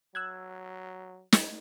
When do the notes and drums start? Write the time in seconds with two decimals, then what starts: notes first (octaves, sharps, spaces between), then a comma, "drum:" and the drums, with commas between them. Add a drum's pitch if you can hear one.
0.15 F#3 E6 F#6 G#6
1.32 drum: snare